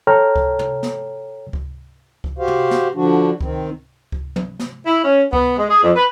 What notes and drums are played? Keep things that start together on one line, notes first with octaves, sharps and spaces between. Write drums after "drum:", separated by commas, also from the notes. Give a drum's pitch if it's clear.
A4 C#5 G5 A#5 F6
drum: kick C#2
drum: tom
drum: snare
drum: kick C#2
drum: kick C#2
F#4 G4 C5 F5
drum: tom
drum: snare
D3 F3 D4 F#4
D#3 C4, drum: kick C#2
drum: kick C#2
drum: tom
drum: snare
E4
C#4
B3, drum: kick C#2
G#3
G#4
F2
B4